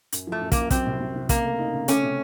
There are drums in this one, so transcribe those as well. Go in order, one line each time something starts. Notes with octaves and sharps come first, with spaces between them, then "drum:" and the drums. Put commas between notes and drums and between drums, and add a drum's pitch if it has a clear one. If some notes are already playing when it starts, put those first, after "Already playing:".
F#2, drum: hi-hat
F3 A3
F#2
A#3, drum: kick, hi-hat
F#2
F#3 C4, drum: kick, hi-hat
C2
C3
C3
C#3 A#3, drum: kick, hi-hat
A3
D#4
C#3
A3 C#4, drum: hi-hat
C3